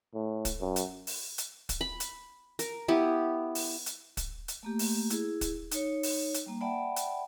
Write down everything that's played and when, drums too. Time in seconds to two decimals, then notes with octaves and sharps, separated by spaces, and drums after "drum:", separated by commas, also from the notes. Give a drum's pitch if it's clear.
0.14 A2
0.45 drum: kick, hi-hat
0.61 F#2
0.76 drum: hi-hat
1.07 drum: open hi-hat
1.38 drum: hi-hat
1.69 drum: kick, hi-hat
1.81 B5
2.00 drum: hi-hat
2.59 A#4, drum: hi-hat
2.88 B3 E4 G4
3.55 drum: open hi-hat
3.86 drum: hi-hat
4.17 drum: kick, hi-hat
4.48 drum: hi-hat
4.63 A3 A#3 G4
4.79 drum: open hi-hat
5.10 E4 G#4, drum: hi-hat
5.41 drum: kick, hi-hat
5.71 D#4 C#5, drum: hi-hat
6.03 drum: open hi-hat
6.34 drum: hi-hat
6.46 G3 A#3
6.61 D5 E5 F#5 G5 A5 B5
6.96 drum: hi-hat